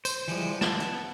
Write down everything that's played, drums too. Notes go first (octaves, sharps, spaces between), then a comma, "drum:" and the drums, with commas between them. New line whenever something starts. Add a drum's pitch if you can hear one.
C5, drum: tambourine
E3 F3 G3 G#3, drum: open hi-hat
B3 A5, drum: snare
drum: hi-hat